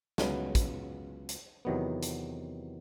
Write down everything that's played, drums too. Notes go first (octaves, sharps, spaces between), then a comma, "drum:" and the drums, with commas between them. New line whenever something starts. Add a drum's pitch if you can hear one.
C#2 C#3 F#3 B3, drum: snare
drum: kick, hi-hat
drum: hi-hat
E2 C3 D#3 F#3 B3
drum: hi-hat